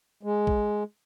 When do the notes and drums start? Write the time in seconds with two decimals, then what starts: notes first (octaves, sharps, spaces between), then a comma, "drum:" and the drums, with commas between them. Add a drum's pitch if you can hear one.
0.23 G#3
0.47 drum: kick